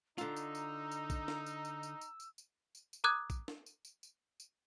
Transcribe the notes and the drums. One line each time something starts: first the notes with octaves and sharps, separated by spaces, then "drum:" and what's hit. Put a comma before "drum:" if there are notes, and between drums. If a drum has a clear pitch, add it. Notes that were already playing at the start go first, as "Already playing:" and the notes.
D3 D#4 F4 A#5 E6, drum: tambourine
drum: tambourine
drum: tambourine
drum: tambourine
drum: kick A#1, tambourine
drum: snare
drum: tambourine
drum: tambourine
drum: tambourine
drum: tambourine
drum: tambourine
drum: tambourine
drum: tambourine
drum: tambourine
A#5 D6 D#6 F#6 G#6
drum: kick A#1, tambourine
drum: snare
drum: tambourine
drum: tambourine
drum: tambourine
drum: tambourine